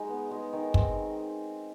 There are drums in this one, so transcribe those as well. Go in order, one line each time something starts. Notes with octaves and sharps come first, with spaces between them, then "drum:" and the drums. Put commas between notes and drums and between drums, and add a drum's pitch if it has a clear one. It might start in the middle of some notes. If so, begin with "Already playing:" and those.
Already playing: G#3 D#4
B3
G#3
D#3
C4, drum: kick